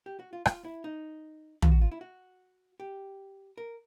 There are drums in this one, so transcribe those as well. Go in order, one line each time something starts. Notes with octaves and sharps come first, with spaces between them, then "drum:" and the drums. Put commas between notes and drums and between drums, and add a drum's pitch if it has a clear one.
G4
F#4
F4
F4, drum: rim click
E4
D#4
F4, drum: tom
F#4
F4
E4
F#4
G4
A#4